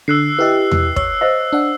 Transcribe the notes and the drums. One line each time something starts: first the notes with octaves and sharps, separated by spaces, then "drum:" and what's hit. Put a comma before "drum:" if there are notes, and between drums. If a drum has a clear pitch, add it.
D3 E6 F#6 C7
E4 G4 B4 D#5
drum: tom E2
C#5 E6, drum: kick
C5 D#5 F5
D4 F#5